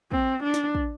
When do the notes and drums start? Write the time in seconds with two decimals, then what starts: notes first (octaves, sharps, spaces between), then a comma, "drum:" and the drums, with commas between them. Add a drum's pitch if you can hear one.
0.12 C4, drum: kick
0.44 D4
0.54 drum: snare
0.75 drum: kick